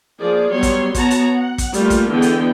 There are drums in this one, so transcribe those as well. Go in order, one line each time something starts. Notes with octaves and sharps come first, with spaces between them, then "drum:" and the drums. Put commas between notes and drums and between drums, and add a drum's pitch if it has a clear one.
F3 A#3 G#4 D5
F#3 G3 B3 C#5 C6
drum: kick, hi-hat
B3 F#4 C#5 A5 A#5, drum: kick, hi-hat
drum: hi-hat
F#5
drum: kick, hi-hat
G3 A3 A#3 F4, drum: hi-hat
drum: kick, hi-hat
D3 E3 G#3 B3 G5
drum: hi-hat